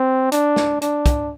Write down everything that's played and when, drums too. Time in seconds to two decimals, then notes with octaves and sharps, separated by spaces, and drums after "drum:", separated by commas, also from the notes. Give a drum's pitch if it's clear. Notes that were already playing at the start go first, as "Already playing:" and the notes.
Already playing: C4
0.32 D4, drum: hi-hat
0.56 drum: snare
0.82 D4, drum: hi-hat
1.06 drum: kick, hi-hat